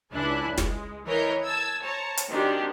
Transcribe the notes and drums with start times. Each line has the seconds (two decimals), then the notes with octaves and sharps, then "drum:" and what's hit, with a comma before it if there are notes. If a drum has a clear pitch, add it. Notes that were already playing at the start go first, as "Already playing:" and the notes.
0.12 C#2 D4 E4 G#5 F#6
0.58 G#3, drum: snare
1.06 E3 A#4 C#5 D#5 G6
1.43 A5 E6 G#6
1.82 C5 C#5 A5 A#5
2.17 drum: hi-hat
2.28 G#2 D#3 C4 D4 F#4 G4